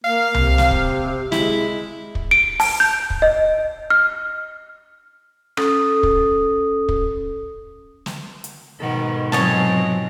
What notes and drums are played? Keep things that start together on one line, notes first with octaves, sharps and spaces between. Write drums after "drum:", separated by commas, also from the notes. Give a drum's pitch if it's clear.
A#3 F5
C3, drum: tom C2
drum: snare
drum: kick
G#3 E4, drum: snare
drum: kick
D7
A5, drum: open hi-hat
G6
drum: kick
D#5
F6
C#4 A4 D#6, drum: rim click
drum: kick
drum: kick
drum: snare
drum: hi-hat
G#2 B2 D#3 A4 C5 F#5
C3 F3 F#3 C4 C#5 D#5 G#5 A5, drum: snare